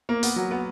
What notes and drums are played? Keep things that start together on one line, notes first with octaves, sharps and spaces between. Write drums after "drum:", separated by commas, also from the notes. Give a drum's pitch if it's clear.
A#3
B3, drum: open hi-hat
F#3
B3